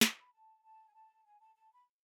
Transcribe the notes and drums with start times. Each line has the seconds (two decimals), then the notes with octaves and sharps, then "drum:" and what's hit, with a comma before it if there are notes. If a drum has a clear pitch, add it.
0.01 drum: snare
0.19 B5
0.33 A5
0.63 A5
0.88 G#5
0.93 A5
1.25 G#5
1.40 A5
1.55 A5
1.71 B5